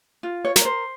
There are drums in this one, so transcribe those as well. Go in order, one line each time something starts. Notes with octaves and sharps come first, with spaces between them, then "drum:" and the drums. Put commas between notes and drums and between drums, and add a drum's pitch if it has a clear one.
F4
C#5
A#4, drum: snare
C#5
C5